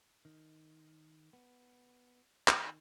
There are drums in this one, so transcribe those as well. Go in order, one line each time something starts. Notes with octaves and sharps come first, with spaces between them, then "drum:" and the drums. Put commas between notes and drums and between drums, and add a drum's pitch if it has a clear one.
D#3
B3
D#3, drum: clap